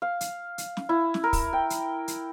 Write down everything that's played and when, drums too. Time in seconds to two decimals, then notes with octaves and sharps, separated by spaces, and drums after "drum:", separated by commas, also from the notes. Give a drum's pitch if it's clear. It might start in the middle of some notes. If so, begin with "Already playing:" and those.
0.02 F5
0.21 drum: hi-hat
0.58 drum: hi-hat
0.77 drum: snare
0.89 E4
1.14 drum: snare
1.24 A#4
1.33 drum: kick, open hi-hat
1.53 G5
1.70 drum: hi-hat
2.08 drum: hi-hat